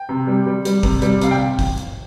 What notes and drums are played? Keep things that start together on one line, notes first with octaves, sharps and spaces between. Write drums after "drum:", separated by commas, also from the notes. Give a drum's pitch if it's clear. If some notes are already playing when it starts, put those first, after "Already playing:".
Already playing: G5
C3
G3
G3
G3, drum: hi-hat
C3, drum: kick, open hi-hat
G3, drum: hi-hat
C3 F5, drum: hi-hat
G5
drum: kick, open hi-hat
drum: hi-hat